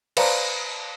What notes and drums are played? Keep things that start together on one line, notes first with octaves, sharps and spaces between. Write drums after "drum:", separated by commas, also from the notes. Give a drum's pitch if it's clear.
B4 C5 D5 F5 A5 A#5, drum: cymbal